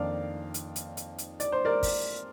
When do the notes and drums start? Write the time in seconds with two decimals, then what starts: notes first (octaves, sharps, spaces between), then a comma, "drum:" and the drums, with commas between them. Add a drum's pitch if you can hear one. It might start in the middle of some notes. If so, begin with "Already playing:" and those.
Already playing: F2 D#3 A#3 D4 D5 F5
0.54 drum: hi-hat
0.76 drum: hi-hat
0.97 drum: hi-hat
1.18 drum: hi-hat
1.40 D5, drum: hi-hat
1.52 C5
1.65 A#4 D5
1.83 drum: kick, open hi-hat